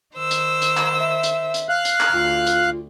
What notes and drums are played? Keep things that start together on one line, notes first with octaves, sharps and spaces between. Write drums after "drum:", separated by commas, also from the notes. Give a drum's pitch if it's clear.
D#3 C5 E6
drum: hi-hat
drum: hi-hat
drum: clap
E5
drum: hi-hat
drum: hi-hat
F5 F#6
drum: hi-hat
drum: clap
D2 F4
drum: hi-hat